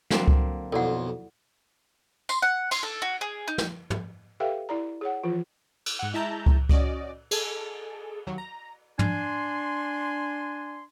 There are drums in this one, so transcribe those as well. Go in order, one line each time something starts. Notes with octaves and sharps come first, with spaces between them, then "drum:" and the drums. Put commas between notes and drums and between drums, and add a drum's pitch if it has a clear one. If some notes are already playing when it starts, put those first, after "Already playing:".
D3 F#3 A#3 C4 D4 F#4, drum: snare
drum: kick C#2
B1 F2 E4 A4 D5 F#5
C6, drum: tambourine
F#5
C6, drum: cymbal
A4
F#4
G#4
D#4
drum: snare
drum: tom
G4 A4 B4 E5 F5 G5
E4 D5 A#5
G#4 C#5 F#5
E3 F3 F4
drum: cymbal
G#2 F#5
G#3 E4 E5 A5 A#5 G6
drum: kick C#2
C#4 F#4 D5 D#5, drum: kick C#2
G#4 A4, drum: cymbal
D#2 F#3
A#5
D4 G#5 C6, drum: tom